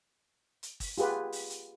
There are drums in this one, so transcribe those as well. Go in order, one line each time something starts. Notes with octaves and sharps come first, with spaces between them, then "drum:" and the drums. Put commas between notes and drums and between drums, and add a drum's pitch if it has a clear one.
drum: hi-hat
drum: kick, open hi-hat
F4 G4 G#4 B4 F#5, drum: hi-hat
drum: open hi-hat
drum: hi-hat